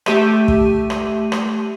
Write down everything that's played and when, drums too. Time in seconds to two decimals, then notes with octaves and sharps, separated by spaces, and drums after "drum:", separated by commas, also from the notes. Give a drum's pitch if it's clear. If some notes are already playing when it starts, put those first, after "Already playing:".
0.06 A3 G4 E5 D#7, drum: rim click
0.48 drum: kick
0.90 drum: rim click
1.32 drum: rim click